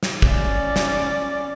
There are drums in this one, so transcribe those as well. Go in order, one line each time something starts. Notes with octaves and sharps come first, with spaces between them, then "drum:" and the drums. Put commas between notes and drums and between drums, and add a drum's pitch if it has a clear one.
drum: snare
C#4 D5, drum: kick
drum: snare